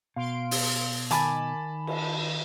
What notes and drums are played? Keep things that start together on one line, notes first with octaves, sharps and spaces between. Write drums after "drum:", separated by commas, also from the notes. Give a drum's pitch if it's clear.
B2 F5 C6 D7
drum: open hi-hat
D#3 G#5 A5 B5 D6 A6, drum: hi-hat
drum: cymbal